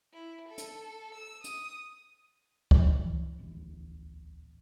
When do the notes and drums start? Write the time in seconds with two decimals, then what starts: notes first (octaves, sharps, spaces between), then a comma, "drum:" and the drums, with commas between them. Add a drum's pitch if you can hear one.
0.13 E4
0.49 A4
0.58 drum: hi-hat
1.15 E6
1.44 D#6, drum: hi-hat
2.71 drum: kick
2.99 E3
3.38 D1 A1 E2